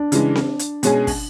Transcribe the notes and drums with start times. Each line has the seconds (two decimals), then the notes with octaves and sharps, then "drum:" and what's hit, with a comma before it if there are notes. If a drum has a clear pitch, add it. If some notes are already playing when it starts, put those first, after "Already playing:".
Already playing: D4
0.12 C#3 E3 G#3, drum: hi-hat
0.35 drum: snare C4
0.59 drum: hi-hat
0.83 B2 G#3 C#4 G#4, drum: hi-hat
1.07 drum: kick, open hi-hat